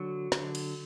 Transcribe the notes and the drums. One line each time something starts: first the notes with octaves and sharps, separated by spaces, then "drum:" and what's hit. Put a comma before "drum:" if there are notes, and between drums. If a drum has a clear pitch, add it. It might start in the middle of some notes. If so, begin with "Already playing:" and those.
Already playing: D3 F#3
D3, drum: snare
drum: cymbal